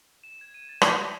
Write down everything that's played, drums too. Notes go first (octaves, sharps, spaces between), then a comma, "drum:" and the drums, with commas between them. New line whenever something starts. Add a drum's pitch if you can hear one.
E7
G#6
D#7
A6
A#6, drum: rim click
B6